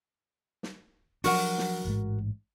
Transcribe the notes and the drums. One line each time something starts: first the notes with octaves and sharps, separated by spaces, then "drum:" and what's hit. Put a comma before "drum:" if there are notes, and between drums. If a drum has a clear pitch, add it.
drum: snare
F3 F#3 D4 F#4 A#4 F#5, drum: open hi-hat
drum: snare
A1 G#2 G#3